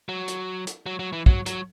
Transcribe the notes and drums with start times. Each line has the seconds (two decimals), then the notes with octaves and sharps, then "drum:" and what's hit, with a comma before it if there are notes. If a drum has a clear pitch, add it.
0.09 F#3
0.28 drum: hi-hat
0.67 drum: hi-hat
0.86 F#3
0.99 F#3
1.13 E3
1.26 F#3, drum: kick
1.46 F#3, drum: hi-hat